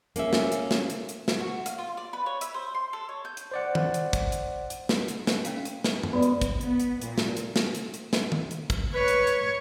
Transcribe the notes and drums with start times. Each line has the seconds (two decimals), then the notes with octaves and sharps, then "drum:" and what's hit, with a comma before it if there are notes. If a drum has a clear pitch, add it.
0.16 A#3 C#4 G#4 E5, drum: hi-hat
0.33 drum: snare
0.52 drum: hi-hat
0.71 drum: snare
0.90 drum: hi-hat
1.09 drum: hi-hat
1.28 drum: snare
1.40 F#4
1.66 F5, drum: hi-hat
1.78 F4
1.97 D5
2.13 B4
2.26 C#5
2.41 E5, drum: hi-hat
2.54 C5
2.75 C6
2.93 A4
3.09 C#5
3.25 G6
3.37 drum: hi-hat
3.52 C5 D5 F#5
3.75 drum: tom D#3
3.94 drum: hi-hat
4.13 drum: kick, hi-hat
4.32 drum: hi-hat
4.70 drum: hi-hat
4.89 drum: snare
5.08 drum: hi-hat
5.27 drum: snare
5.45 C#4 F5, drum: hi-hat
5.65 drum: hi-hat
5.84 drum: snare
6.03 drum: tom F#2
6.13 B3 F#4 D5 D#5
6.22 drum: hi-hat
6.42 drum: kick, hi-hat
6.61 B3, drum: hi-hat
6.80 drum: hi-hat
7.01 A#2, drum: hi-hat
7.18 drum: snare
7.37 drum: hi-hat
7.56 drum: snare
7.75 drum: hi-hat
7.94 drum: hi-hat
8.13 drum: snare
8.32 drum: tom D#3
8.51 drum: hi-hat
8.70 drum: kick, hi-hat
8.94 B4 C#5
9.08 drum: hi-hat
9.27 drum: hi-hat